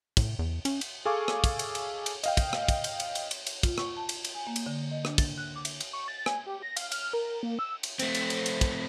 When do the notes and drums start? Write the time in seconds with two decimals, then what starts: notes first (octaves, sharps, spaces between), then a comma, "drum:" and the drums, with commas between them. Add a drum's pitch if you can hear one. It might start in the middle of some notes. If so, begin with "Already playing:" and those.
0.17 A2, drum: kick, cymbal
0.39 E2
0.65 C#4, drum: cymbal
0.81 drum: cymbal
1.05 G#4 A4 F5 G#5 C#6 D6
1.28 drum: rim click
1.44 drum: kick, cymbal
1.59 drum: cymbal
1.75 drum: cymbal
2.06 drum: cymbal
2.23 D#5 F5 G5, drum: cymbal
2.37 drum: kick, cymbal
2.53 drum: rim click
2.68 drum: kick, cymbal
2.84 drum: cymbal
3.00 drum: cymbal
3.15 drum: cymbal
3.31 drum: cymbal
3.46 drum: cymbal
3.63 F4, drum: kick, cymbal
3.78 C#6, drum: rim click
3.97 A5
4.09 drum: cymbal
4.24 drum: cymbal
4.35 G#5
4.47 A#3
4.56 drum: cymbal
4.66 D3
4.91 D#5
5.05 D4, drum: rim click
5.18 A6, drum: kick, cymbal
5.38 F#6
5.56 D6
5.65 drum: cymbal
5.81 drum: cymbal
5.93 C#6
6.08 A6
6.26 G#5, drum: rim click
6.46 G4
6.62 A#6
6.77 F5, drum: cymbal
6.92 F6, drum: cymbal
7.13 A#4
7.43 A#3
7.59 E6
7.83 drum: cymbal
7.99 A3 C4, drum: cymbal
8.15 drum: cymbal
8.30 drum: cymbal
8.46 drum: cymbal
8.61 drum: kick, cymbal